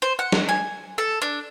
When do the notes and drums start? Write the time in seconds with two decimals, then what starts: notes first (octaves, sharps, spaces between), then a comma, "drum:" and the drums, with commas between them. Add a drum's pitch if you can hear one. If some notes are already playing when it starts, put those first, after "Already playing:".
0.02 C5
0.19 F#5
0.32 drum: snare
0.49 G#5
0.98 A4
1.22 D4